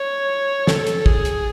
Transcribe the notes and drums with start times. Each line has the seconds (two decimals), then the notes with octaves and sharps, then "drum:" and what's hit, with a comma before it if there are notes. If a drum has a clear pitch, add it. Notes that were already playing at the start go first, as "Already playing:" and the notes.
Already playing: C#5
0.67 A4, drum: snare
0.87 drum: hi-hat
1.06 G#4, drum: kick
1.25 drum: hi-hat